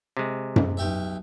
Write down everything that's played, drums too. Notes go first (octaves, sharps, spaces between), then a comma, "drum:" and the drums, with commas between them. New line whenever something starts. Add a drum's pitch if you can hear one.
C3 G#3
drum: tom F#2
B1 G4 E5